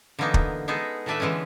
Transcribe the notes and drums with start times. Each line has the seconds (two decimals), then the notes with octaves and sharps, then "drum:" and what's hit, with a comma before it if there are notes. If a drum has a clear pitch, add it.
0.19 D3 E3 F#3 A#3 B3 D#4
0.34 drum: kick
0.68 G#3 B3 D#4 G#4 A4
1.06 A2 D#3 A3 D4 B4 E5
1.20 D3 E3 G#3 B3 C#4